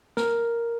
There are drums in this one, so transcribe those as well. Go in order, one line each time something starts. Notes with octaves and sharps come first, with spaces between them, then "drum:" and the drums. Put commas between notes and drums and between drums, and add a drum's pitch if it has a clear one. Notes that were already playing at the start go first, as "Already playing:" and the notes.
A#4, drum: snare